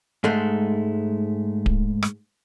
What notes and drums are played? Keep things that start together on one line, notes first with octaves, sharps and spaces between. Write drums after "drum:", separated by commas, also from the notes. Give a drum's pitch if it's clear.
G#2 G#3 A3
drum: kick D1
drum: rim click